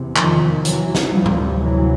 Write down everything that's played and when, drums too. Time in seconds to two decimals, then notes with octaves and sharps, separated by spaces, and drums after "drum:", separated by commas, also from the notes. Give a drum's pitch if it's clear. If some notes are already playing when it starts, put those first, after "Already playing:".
Already playing: E2 C3
0.16 D#3 F3, drum: clap
0.65 E3 F#3, drum: hi-hat
0.95 drum: snare
1.13 D2 C3 F3 G3
1.26 drum: tom A2
1.62 E3 F#3